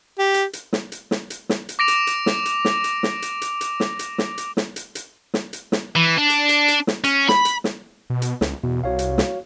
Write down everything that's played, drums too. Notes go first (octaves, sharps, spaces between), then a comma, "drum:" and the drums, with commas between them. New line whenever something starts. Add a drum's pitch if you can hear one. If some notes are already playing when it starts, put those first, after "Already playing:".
G4
drum: hi-hat
drum: hi-hat
drum: snare
drum: hi-hat
drum: snare
drum: hi-hat
drum: snare
drum: hi-hat
D6 A#6 D7 F7
drum: hi-hat
drum: hi-hat
drum: snare
drum: hi-hat
drum: snare
drum: hi-hat
drum: snare
drum: hi-hat
drum: hi-hat
drum: hi-hat
drum: snare
drum: hi-hat
drum: snare
drum: hi-hat
drum: snare
drum: hi-hat
drum: hi-hat
drum: snare
drum: hi-hat
drum: snare
E3
D4
drum: hi-hat
drum: hi-hat
drum: hi-hat
drum: snare
C#4, drum: hi-hat
B5, drum: snare
drum: hi-hat
drum: snare
B2
drum: hi-hat
C#2, drum: snare
E2 B2
C2 F#4 C#5 F5
drum: hi-hat
drum: snare